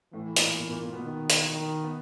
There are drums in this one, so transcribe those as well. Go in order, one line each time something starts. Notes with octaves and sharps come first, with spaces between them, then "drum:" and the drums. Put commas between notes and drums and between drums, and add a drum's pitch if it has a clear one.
A2 E3 A3
A#2 A#3, drum: hi-hat
A#2 A#3
A#2 A#3
A#2 A#3
B2 B3
D#3
drum: hi-hat
D#3
B3